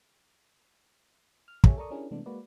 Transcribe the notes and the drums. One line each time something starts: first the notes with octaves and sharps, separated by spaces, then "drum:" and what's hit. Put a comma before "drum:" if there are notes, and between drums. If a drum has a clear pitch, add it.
F6
A#3 G4 A4 C#5 E5 G#5, drum: kick
A4 A#4 D5 A#5 C#6 D#6
C#4 D4 E4 G4 G#4 A#4
C3 E3 G#3 A3 B3 D4
G#3 A#3 F#4 B4 D5